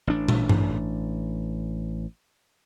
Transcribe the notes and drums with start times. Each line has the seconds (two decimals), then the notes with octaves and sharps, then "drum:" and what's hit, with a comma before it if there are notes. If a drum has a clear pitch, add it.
0.07 A1 D4
0.28 drum: tom
0.49 drum: tom G2